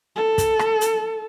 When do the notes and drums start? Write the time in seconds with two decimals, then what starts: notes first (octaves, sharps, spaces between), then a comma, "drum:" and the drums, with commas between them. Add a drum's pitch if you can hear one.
0.16 A4
0.38 drum: kick, hi-hat
0.59 drum: rim click
0.81 drum: hi-hat